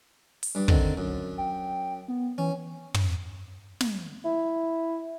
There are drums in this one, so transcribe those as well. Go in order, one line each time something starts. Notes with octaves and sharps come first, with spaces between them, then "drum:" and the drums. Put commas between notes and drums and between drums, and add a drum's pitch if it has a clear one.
drum: open hi-hat
G2 G3
D3 D#3 C4, drum: kick
F#2
G5
B3
E3 C#4
drum: tom
drum: snare
E4